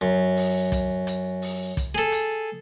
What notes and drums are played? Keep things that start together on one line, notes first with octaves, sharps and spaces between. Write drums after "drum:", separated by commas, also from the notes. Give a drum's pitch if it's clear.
F#2
drum: open hi-hat
drum: kick, hi-hat
drum: hi-hat
drum: open hi-hat
drum: kick, hi-hat
G#4 A4
drum: hi-hat